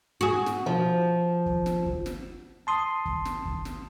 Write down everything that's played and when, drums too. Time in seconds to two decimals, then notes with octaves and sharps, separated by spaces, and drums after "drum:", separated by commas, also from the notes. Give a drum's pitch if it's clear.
0.21 F#4 G#4
0.46 drum: snare
0.66 F3
1.46 drum: kick
1.66 drum: snare
1.86 drum: kick
2.06 drum: snare
2.67 A5 C6 D#6
3.05 drum: kick
3.25 drum: snare
3.45 drum: kick
3.65 drum: snare